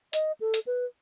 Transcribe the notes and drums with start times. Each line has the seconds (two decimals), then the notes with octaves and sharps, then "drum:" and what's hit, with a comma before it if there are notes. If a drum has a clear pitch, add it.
0.13 D#5, drum: hi-hat
0.41 A4
0.54 drum: hi-hat
0.67 B4